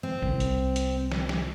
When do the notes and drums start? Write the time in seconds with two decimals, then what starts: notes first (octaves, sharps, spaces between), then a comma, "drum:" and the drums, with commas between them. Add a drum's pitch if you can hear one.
0.03 C4
0.23 C2, drum: kick
0.40 drum: hi-hat
0.76 drum: hi-hat
1.12 drum: snare
1.29 drum: snare